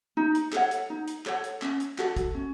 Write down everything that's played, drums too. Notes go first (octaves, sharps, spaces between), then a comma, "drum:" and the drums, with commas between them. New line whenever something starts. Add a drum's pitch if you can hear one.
D#4
drum: hi-hat
A4 C#5 F#5, drum: clap
drum: hi-hat
D#4
drum: hi-hat
A4 C#5 F#5, drum: clap
drum: hi-hat
C#4, drum: clap
drum: hi-hat
F#4 A4, drum: clap
drum: kick, hi-hat
C#4